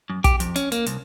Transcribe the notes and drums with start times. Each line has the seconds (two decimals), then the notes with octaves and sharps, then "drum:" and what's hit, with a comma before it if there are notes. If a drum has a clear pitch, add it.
0.10 F#2
0.24 G4, drum: kick, hi-hat
0.40 F2, drum: hi-hat
0.56 C#4, drum: hi-hat
0.72 A#3, drum: hi-hat
0.86 C2, drum: hi-hat